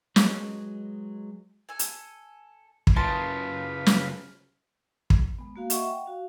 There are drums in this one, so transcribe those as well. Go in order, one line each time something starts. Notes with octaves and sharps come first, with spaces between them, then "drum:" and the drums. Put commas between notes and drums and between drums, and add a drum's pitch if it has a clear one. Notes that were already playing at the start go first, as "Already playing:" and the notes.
F#3 G#3 F#4 G#4 B4 D#5, drum: snare
A4 G#5
drum: hi-hat
drum: kick
F#2 C#3 F4 B4 A5 C6
drum: snare
drum: kick
G#3 B3
A#3 F#4 F5
D#5 E5 F#5 C#6, drum: hi-hat
G5
F#4 F5